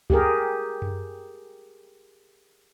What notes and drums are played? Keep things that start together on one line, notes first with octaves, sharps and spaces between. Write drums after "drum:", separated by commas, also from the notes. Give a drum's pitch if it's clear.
G4 G#4 A#4, drum: kick
drum: tom F#2